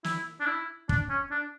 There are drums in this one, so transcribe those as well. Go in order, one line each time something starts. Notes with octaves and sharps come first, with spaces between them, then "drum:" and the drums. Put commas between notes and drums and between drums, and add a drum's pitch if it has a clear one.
E4, drum: snare
D4
E4
D4, drum: kick
C#4
D4